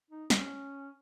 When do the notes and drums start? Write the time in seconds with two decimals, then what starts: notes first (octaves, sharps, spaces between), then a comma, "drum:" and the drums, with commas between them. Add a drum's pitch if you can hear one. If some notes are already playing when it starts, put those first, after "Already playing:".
0.11 D#4
0.30 C#4, drum: snare